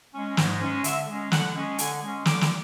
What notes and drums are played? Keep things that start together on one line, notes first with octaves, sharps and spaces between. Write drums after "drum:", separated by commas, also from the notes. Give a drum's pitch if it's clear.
G#3 C#4
G#2, drum: snare
G#3 C#4
D3 E5, drum: hi-hat
G#3 C#4
D3 F#5, drum: snare
G#3 C#4
D3 G#5, drum: hi-hat
G#3 C#4
D3 D6, drum: snare
drum: snare